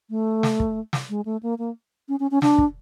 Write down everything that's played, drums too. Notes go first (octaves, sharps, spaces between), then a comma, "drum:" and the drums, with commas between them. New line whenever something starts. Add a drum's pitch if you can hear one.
A3
drum: snare
drum: kick
drum: snare
G#3
A3
A#3
A#3
C#4
C#4
C#4
D4, drum: snare
drum: kick